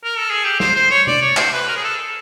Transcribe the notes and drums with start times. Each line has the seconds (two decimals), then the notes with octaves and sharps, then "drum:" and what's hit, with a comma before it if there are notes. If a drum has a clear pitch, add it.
0.04 A#4
0.18 A4
0.30 G#4
0.45 G4
0.60 C5, drum: snare
0.75 C5
0.91 C#5
1.07 D5, drum: tom C3
1.21 C#5
1.37 C5, drum: clap
1.53 B4
1.68 A#4
1.77 G#4
1.84 A4